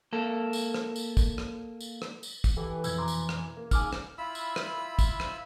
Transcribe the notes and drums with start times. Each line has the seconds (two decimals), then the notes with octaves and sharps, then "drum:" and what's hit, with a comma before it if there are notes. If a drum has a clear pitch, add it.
0.13 A#3 A4
0.53 drum: tambourine
0.74 drum: rim click
0.96 drum: tambourine
1.17 drum: kick, tambourine
1.38 drum: rim click
1.80 drum: tambourine
2.02 drum: rim click
2.23 drum: tambourine
2.44 drum: kick, tambourine
2.57 E3 G4 A4
2.84 F2 B2 E6 G#6, drum: tambourine
2.98 A#5 C6 D6
3.08 drum: tambourine
3.29 drum: rim click
3.57 A#3
3.71 D#2 C#3 G#5 D6 E6 F6, drum: kick, tambourine
3.93 drum: rim click
4.18 E4 F4 B5 E6
4.35 drum: tambourine
4.56 drum: rim click
4.99 drum: kick, tambourine
5.20 drum: rim click